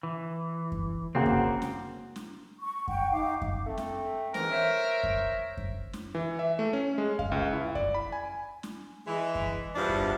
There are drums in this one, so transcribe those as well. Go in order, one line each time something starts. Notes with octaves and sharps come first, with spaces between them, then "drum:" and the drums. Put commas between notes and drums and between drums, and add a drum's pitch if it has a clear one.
E3
drum: kick F#2
C#3 A#3 C4 F#4
drum: kick F#2
drum: snare
drum: snare
C#6
F#5 G5, drum: kick F#2
D#4 F5 D6
drum: kick F#2
A3 C4
drum: snare
G#2 E3 A#4, drum: snare
C5 C#5 E5
drum: kick F#2
drum: kick F#2
drum: snare
E3
E5
A3
C#4
G#3
F5, drum: kick F#2
C#2
E4
D5, drum: kick F#2
B5
G#5
drum: snare
E3 G#3
drum: kick F#2
E2 G2 B2 E3 F3 D4
drum: kick F#2